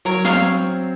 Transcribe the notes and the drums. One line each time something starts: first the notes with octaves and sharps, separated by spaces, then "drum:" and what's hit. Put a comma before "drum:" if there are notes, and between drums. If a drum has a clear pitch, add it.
F#3 A#4 C#5, drum: hi-hat
C#5 F5, drum: snare
C4
drum: hi-hat